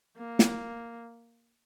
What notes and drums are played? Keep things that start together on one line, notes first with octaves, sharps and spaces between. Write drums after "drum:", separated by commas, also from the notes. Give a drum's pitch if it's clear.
A#3
drum: snare